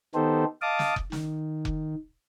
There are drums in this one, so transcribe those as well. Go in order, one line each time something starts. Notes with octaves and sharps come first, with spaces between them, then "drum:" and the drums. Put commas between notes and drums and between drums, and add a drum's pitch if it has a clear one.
D#3 B3 D#4 G4 A4 C5
D#5 F5 A5 D6 D#6
drum: snare
drum: kick F1
D#3, drum: snare
drum: kick F1